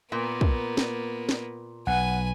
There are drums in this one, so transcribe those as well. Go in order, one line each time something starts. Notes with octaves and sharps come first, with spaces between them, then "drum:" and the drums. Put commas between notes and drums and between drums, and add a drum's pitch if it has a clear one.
A#2 A#3 B3
drum: kick
drum: snare
drum: snare
B1 B4 F#5 G#5